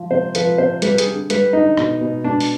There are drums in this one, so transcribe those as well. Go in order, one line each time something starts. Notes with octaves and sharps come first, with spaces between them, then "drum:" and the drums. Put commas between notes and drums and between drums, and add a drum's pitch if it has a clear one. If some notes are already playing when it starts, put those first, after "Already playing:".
Already playing: F3
C3 C5
F3 B4, drum: hi-hat
C3 C5
G3 B4, drum: hi-hat
G#4, drum: hi-hat
D3
G3 B4, drum: hi-hat
D3 D#4
B2, drum: rim click
B2
B2 D4
drum: open hi-hat